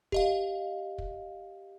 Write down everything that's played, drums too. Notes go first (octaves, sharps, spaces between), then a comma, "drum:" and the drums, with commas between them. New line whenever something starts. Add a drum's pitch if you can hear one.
G4 D#5 F5, drum: kick
drum: kick